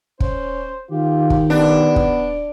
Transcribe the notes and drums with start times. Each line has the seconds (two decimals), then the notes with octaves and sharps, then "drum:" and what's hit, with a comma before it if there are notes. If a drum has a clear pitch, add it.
0.20 C#4 C5, drum: kick
0.91 D#3 F4 G4
1.30 drum: kick
1.50 B3 D4
1.96 drum: kick